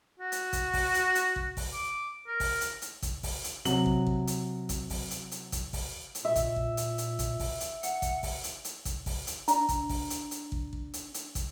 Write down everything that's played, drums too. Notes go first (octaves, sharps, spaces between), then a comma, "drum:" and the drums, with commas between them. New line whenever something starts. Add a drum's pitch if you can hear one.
F#4
drum: hi-hat
drum: kick, hi-hat
drum: kick, open hi-hat
drum: hi-hat
drum: hi-hat
drum: kick
drum: kick, open hi-hat
D6
A#4
drum: kick, open hi-hat
drum: hi-hat
drum: hi-hat
drum: kick, hi-hat
drum: kick, open hi-hat
drum: hi-hat
C3 F#3 F#7, drum: hi-hat
drum: kick
drum: kick
drum: hi-hat
drum: kick, hi-hat
drum: kick, open hi-hat
drum: hi-hat
drum: hi-hat
drum: kick, hi-hat
drum: kick, open hi-hat
drum: hi-hat
A#2 E5
drum: kick, hi-hat
drum: kick
drum: hi-hat
drum: hi-hat
drum: kick, hi-hat
drum: kick, open hi-hat
drum: hi-hat
F#5, drum: hi-hat
drum: kick, hi-hat
drum: kick, open hi-hat
drum: hi-hat
drum: hi-hat
drum: kick, hi-hat
drum: kick, open hi-hat
drum: hi-hat
D4 A#5, drum: hi-hat
drum: kick, hi-hat
drum: kick, open hi-hat
drum: hi-hat
drum: hi-hat
drum: kick
drum: kick
drum: hi-hat
drum: hi-hat
drum: kick, hi-hat